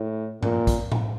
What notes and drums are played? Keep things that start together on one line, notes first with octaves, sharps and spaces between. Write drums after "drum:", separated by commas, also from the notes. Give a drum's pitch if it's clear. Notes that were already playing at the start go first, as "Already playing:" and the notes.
Already playing: A2
A#2, drum: tom G#2
drum: kick, hi-hat
drum: tom A2